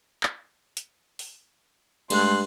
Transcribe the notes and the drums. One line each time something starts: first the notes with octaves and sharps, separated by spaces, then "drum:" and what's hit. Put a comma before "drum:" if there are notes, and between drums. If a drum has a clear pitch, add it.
drum: clap
drum: hi-hat
drum: open hi-hat
G2 G#3 A3 C6 F#6, drum: cymbal